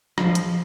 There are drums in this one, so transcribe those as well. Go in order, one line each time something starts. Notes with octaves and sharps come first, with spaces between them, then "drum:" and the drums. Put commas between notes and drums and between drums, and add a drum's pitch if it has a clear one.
F3, drum: rim click
drum: hi-hat